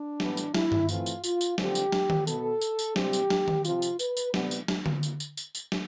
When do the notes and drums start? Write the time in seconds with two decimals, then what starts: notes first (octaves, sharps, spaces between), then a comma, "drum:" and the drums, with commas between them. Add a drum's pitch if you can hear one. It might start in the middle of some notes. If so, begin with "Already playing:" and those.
Already playing: D4
0.20 A2 E3 G3 B3, drum: snare
0.37 drum: tambourine
0.55 E4, drum: snare
0.72 drum: tom G2
0.89 E3 A3 C4 F4, drum: tambourine
1.06 drum: tambourine
1.24 F4, drum: tambourine
1.41 drum: tambourine
1.58 D3 F3 C4 G4, drum: snare
1.75 drum: tambourine
1.92 drum: snare
2.10 drum: tom D#3
2.27 B2 B3 A4, drum: tambourine
2.61 drum: tambourine
2.79 drum: tambourine
2.96 C3 G3 C4 G4, drum: snare
3.13 drum: tambourine
3.30 drum: snare
3.48 drum: tom D#3
3.65 C3 F3 C4 F4, drum: tambourine
3.82 drum: tambourine
3.99 B4, drum: tambourine
4.17 drum: tambourine
4.34 C3 G3 B3, drum: snare
4.51 drum: tambourine
4.68 drum: snare
4.86 drum: tom D3
5.03 drum: tambourine
5.20 drum: tambourine
5.37 drum: tambourine
5.55 drum: tambourine
5.72 drum: snare